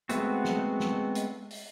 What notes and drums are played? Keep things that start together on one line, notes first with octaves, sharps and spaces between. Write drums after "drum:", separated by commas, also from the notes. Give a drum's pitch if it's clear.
G#3 A3 B3 C4 F#4, drum: hi-hat
drum: snare
drum: snare
drum: hi-hat
drum: open hi-hat